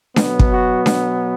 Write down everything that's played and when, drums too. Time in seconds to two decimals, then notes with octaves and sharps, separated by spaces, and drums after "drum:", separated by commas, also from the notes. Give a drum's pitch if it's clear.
0.16 B2 F#3 B3, drum: snare D4
0.39 drum: kick
0.52 F#4
0.86 drum: snare D4